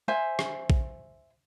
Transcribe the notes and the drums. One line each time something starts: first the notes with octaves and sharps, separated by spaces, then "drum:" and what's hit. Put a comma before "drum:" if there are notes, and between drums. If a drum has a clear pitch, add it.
C5 E5 G#5
drum: rim click
drum: kick A#1